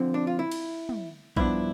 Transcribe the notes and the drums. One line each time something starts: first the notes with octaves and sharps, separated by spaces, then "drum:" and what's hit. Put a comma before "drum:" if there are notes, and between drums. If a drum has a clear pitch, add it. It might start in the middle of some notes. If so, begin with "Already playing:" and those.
Already playing: D3 F3 C4
D4
F4
E4
drum: cymbal
drum: tom
G2 F3 B3 D4 E4, drum: kick A#1